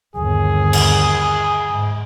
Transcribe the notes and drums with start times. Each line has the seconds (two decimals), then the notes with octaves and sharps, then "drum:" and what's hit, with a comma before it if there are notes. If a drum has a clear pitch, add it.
0.16 G1 D#2 G#4
0.73 drum: cymbal
1.70 G#2